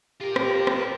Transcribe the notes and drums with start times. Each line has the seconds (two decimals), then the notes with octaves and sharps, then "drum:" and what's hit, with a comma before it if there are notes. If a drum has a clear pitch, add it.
0.20 F4 G4 A#4
0.36 drum: rim click
0.67 drum: rim click